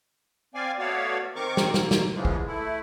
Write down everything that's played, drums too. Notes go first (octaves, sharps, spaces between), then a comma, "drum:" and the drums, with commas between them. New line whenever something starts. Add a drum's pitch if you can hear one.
C4 D5 F5 G#5
A3 B3 F#4 C#5 D5 F5
D#3 C4 A#4 C#6 D6
drum: snare
A#3, drum: snare
drum: snare
G#2 C#3 E3 F3 G#3
drum: kick
A3 E4